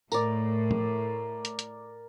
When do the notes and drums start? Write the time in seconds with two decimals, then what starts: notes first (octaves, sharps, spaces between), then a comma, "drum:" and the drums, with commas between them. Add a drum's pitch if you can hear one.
0.12 A2 A#4 D5, drum: tambourine
0.71 drum: tom A2
1.45 drum: hi-hat
1.59 drum: hi-hat